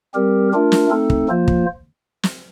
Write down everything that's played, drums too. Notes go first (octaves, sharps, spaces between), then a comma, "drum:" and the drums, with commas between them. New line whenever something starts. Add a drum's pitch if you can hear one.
G3 C4 G4 A#4
A3 D4 F4 A#4
drum: snare
A3 C4 D#4 A4
drum: kick
F3 A#3 F4 C5
drum: kick
drum: snare